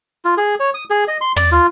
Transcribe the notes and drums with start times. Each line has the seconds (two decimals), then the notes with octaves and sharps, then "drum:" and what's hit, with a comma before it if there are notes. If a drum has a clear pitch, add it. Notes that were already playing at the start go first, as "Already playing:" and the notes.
0.25 F4
0.37 G#4
0.60 C#5
0.74 D#6
0.90 G#4
1.08 D#5
1.21 C6
1.36 D5, drum: tom
1.52 F4